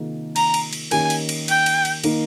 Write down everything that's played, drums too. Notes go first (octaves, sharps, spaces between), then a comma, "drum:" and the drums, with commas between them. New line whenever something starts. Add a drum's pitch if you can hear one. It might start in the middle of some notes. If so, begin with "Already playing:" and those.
Already playing: C3 D#3 A#3 F4 G#4
A#5, drum: cymbal
drum: cymbal
drum: cymbal
D#3 A#3 C#4 G4 A#4 G#5, drum: cymbal
drum: cymbal
drum: cymbal
G5, drum: cymbal
drum: cymbal
drum: cymbal
D#3 A#3 D#4 A#4, drum: cymbal